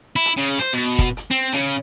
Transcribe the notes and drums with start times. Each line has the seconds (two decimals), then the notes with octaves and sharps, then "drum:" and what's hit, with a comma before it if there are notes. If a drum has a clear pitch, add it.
0.16 E4
0.26 drum: hi-hat
0.37 C#3
0.59 C5, drum: hi-hat
0.74 B2
0.99 drum: kick, hi-hat
1.17 drum: hi-hat
1.31 C4
1.53 C#3, drum: hi-hat